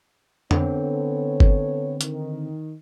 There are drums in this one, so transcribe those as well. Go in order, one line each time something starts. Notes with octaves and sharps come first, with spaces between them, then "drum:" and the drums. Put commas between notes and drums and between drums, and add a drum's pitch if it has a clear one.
D3 B3 C4 A4 C#5, drum: tom F2
drum: kick G1
D#3, drum: hi-hat